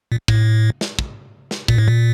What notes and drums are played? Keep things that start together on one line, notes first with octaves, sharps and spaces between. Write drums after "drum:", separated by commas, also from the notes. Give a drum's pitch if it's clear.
A#2
A2, drum: kick
drum: snare
drum: kick
drum: snare
A#2, drum: kick
A2
A#2